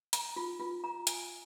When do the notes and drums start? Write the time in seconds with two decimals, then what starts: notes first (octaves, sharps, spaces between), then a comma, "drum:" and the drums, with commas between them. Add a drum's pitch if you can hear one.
0.13 A#5, drum: hi-hat
0.36 F4
0.60 F4
0.84 A#5
1.07 G#5, drum: hi-hat